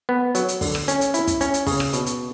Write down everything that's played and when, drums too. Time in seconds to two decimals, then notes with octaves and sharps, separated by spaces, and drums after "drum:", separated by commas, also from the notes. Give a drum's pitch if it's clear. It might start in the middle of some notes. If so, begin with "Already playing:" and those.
0.09 B3
0.35 F#3, drum: hi-hat
0.48 drum: hi-hat
0.61 D3, drum: kick, open hi-hat
0.75 drum: rim click
0.88 C#4, drum: hi-hat
1.01 drum: hi-hat
1.14 E4, drum: hi-hat
1.27 drum: kick, hi-hat
1.41 C#4, drum: hi-hat
1.54 drum: hi-hat
1.67 C#3, drum: kick, open hi-hat
1.80 drum: rim click
1.93 B2, drum: hi-hat
2.06 drum: hi-hat